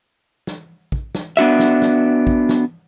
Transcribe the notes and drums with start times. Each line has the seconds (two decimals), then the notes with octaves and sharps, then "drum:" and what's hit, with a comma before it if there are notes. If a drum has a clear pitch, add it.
0.47 drum: snare
0.92 drum: kick
1.15 drum: snare
1.37 B3 D4 F#4 E5
1.59 drum: snare
1.82 drum: snare
2.27 drum: kick
2.49 drum: snare